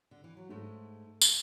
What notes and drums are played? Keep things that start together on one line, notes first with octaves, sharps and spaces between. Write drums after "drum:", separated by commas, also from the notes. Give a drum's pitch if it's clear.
D3
E3
F#3
G#2 G#3 A3
drum: tambourine